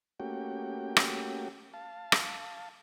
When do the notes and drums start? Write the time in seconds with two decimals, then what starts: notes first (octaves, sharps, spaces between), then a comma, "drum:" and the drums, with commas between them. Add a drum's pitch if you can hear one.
0.20 A3 A#3 C#4 F#4 G4 G5
0.97 drum: rim click
1.74 F5 A5
2.12 drum: rim click